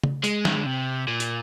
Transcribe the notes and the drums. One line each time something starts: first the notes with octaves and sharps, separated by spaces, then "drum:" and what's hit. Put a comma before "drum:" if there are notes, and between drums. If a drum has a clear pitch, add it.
drum: tom C#3
G#3, drum: hi-hat
D#3, drum: snare
D3
C3
A#2
drum: hi-hat